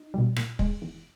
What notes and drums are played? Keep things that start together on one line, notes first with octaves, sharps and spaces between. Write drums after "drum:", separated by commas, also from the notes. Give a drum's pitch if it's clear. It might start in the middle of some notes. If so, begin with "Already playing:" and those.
Already playing: D#4
B2 G3
A#2, drum: rim click
G#3, drum: kick
E2